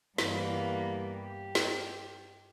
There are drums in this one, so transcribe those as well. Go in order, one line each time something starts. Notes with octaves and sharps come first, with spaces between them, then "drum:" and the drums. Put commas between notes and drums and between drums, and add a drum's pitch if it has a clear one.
G2 E3 G3 A#3 B3, drum: snare
G4
drum: snare